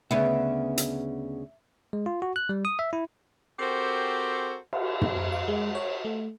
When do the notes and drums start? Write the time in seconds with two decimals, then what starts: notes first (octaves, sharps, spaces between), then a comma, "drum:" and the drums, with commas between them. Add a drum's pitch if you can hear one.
0.11 D2 C#3 B3 E5
0.78 drum: hi-hat
1.93 G#3
2.06 F4
2.22 F#4
2.36 F#6
2.49 G3
2.65 D#6
2.79 E5
2.93 E4
3.59 C4 F#4 G4 A4 A#4 C5
4.73 drum: cymbal
5.01 drum: tom
5.32 F5
5.48 G#3
5.75 C#5
6.05 A3